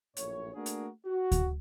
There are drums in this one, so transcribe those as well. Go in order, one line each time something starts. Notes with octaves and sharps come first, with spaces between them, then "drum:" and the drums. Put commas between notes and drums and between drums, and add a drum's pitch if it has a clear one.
A#1 F#2 A2 C#5, drum: hi-hat
A3 A#3 D4 F#4 G#4 A#4
drum: hi-hat
F#4
drum: kick D2, hi-hat